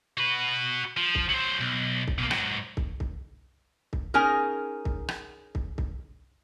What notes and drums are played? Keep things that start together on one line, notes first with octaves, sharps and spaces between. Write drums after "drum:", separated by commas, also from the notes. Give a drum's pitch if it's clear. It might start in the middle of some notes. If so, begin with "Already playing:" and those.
F#4 B4
F3
drum: kick C2
F#3 C5
B1
drum: kick C2
B2 A#3
G#2 F#3, drum: rim click
drum: kick C2
drum: kick C2
drum: kick C2
C#4 D#4 G#4 A#4
drum: kick C2
drum: rim click
drum: kick C2
drum: kick C2